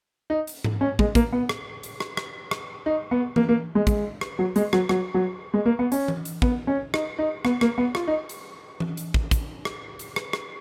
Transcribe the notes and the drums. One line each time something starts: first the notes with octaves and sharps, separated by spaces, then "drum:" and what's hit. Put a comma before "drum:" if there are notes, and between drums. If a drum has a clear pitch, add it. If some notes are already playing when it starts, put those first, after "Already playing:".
D#4
drum: hi-hat
drum: tom G#2
C#4
G#3, drum: kick
A#3, drum: kick, hi-hat
B3
drum: rim click
drum: hi-hat
drum: rim click
drum: rim click
drum: rim click
D#4
B3
A#3, drum: tom E3
A#3
G#3
G#3, drum: kick, hi-hat
drum: rim click
F#3
G#3, drum: hi-hat
F#3, drum: rim click
F#3, drum: rim click
F#3
G#3
A#3
B3
C#4, drum: hi-hat
drum: tom E3
drum: hi-hat
B3, drum: kick
C#4
D#4, drum: rim click
D#4
B3, drum: rim click
A#3, drum: rim click
B3
F4, drum: rim click
D#4
drum: hi-hat
drum: tom E3
drum: hi-hat
drum: kick
drum: kick, hi-hat
drum: rim click
drum: hi-hat
drum: rim click
drum: rim click